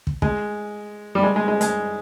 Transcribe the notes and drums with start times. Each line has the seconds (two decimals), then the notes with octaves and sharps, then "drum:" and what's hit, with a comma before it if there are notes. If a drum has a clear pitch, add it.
0.07 drum: kick
0.22 G#3, drum: kick
1.15 G3
1.23 G#3
1.36 G#3
1.48 G#3
1.61 G#3, drum: hi-hat